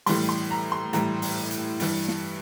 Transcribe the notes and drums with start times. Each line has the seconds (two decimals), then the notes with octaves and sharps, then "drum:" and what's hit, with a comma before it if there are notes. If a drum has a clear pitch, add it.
0.06 A2 E3 G3 C6, drum: open hi-hat
0.29 C6
0.51 A#5
0.72 C6
0.93 A2 E3 G3 A#5, drum: hi-hat
1.22 drum: open hi-hat
1.51 drum: hi-hat
1.80 G2 E3 G3, drum: open hi-hat
2.08 drum: snare